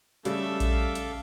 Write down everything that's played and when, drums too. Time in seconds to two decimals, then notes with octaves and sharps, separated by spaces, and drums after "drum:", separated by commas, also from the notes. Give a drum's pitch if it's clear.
0.25 C#3 G3 A3 A4 E5 F5 D6, drum: hi-hat
0.60 drum: kick A#1, hi-hat
0.95 drum: hi-hat